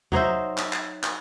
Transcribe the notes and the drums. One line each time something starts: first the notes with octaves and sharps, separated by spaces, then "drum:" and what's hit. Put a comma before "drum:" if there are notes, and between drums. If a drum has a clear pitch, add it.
F#3 D#4 C5 E5, drum: tom E2
drum: clap
drum: clap
drum: clap